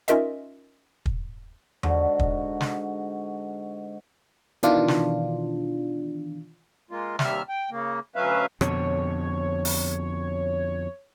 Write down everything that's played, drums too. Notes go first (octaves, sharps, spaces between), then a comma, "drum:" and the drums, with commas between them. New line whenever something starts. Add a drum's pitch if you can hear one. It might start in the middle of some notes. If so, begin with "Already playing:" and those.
C#4 D#4 F4 A#4 D#5 E5, drum: hi-hat
drum: kick
G#2 D3 G#3 F#4, drum: tom E2
drum: kick
drum: snare
B2 D#3 E3 D4 F4, drum: hi-hat
drum: snare
G#3 A#3 F4
D#2 C3 G3 E5 F6, drum: snare
G5
C#3 A#3
D2 F#3 C#4 B4 E5 F5
F2 B2 D3 C#5, drum: rim click
drum: open hi-hat